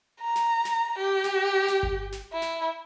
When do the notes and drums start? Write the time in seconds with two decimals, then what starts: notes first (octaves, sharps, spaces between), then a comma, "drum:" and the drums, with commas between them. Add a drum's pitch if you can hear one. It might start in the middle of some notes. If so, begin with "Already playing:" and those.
0.21 A#5
0.36 drum: snare
0.65 drum: snare
0.98 G4
1.24 drum: snare
1.68 drum: snare
1.83 drum: kick G1
2.12 drum: snare
2.33 E4
2.42 drum: snare